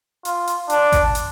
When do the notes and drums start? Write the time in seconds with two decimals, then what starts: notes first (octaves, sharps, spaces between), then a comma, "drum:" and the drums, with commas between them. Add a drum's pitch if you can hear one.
0.25 F4, drum: hi-hat
0.47 drum: hi-hat
0.70 D4, drum: hi-hat
0.92 drum: kick G#1, hi-hat
1.15 drum: hi-hat